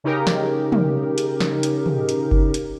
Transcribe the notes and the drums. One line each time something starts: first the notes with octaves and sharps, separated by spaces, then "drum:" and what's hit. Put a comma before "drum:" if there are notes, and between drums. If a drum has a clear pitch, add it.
C#3 D#4 G4 A#4
drum: snare
drum: tom
drum: hi-hat
drum: snare
drum: hi-hat
drum: tom
drum: hi-hat
drum: kick F#1
drum: hi-hat